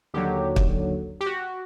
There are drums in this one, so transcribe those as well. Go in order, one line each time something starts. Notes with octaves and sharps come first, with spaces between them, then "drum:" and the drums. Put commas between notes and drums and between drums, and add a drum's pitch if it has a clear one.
D#2 D3 F#3 G4
drum: kick
G4
F#4